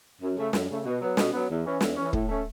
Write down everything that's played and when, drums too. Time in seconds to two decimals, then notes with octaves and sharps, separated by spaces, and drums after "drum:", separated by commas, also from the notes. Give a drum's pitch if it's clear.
0.22 F#2
0.37 C#3 A3
0.53 F#2, drum: snare
0.70 C#3 A3
0.85 B2
1.02 F#3 B3
1.17 B2, drum: snare
1.33 F#3 B3
1.49 E2
1.65 E3 C#4
1.81 E2, drum: snare
1.97 E3 C#4
2.13 A2, drum: kick
2.29 A3 C#4